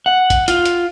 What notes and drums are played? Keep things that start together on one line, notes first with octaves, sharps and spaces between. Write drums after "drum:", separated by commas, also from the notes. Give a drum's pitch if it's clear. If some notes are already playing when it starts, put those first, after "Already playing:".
F#5
drum: kick A#1, hi-hat
F4, drum: hi-hat
drum: hi-hat